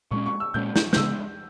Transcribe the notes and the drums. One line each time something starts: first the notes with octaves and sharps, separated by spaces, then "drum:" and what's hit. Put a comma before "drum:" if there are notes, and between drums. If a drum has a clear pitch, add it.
A#2 G#3 C#4 C#6
C#6
E6
A#2 G#3 C#4 G6
G6, drum: snare
G6, drum: snare
C#3 G#3 B3 E6